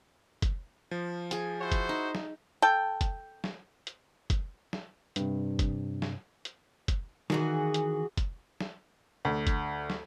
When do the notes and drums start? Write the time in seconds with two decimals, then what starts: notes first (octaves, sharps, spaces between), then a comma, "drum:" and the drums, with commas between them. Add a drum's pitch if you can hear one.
0.42 drum: kick, hi-hat
0.91 F3
1.31 G#4 G#5, drum: hi-hat
1.61 E4 F#4 C5
1.72 drum: kick, hi-hat
1.89 D#4
2.15 drum: snare
2.62 A4 G5
3.01 drum: kick, hi-hat
3.44 drum: snare
3.87 drum: hi-hat
4.30 drum: kick, hi-hat
4.73 drum: snare
5.16 G2 C3, drum: hi-hat
5.59 drum: kick, hi-hat
6.02 drum: snare
6.45 drum: hi-hat
6.88 drum: kick, hi-hat
7.30 D#3 E3 F#4 G#4, drum: snare
7.74 drum: hi-hat
8.17 drum: kick, hi-hat
8.61 drum: snare
9.25 D2
9.47 drum: kick, hi-hat
9.90 drum: snare